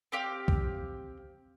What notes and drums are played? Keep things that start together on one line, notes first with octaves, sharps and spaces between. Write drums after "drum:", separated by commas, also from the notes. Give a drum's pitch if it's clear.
C4 G4 F5
drum: kick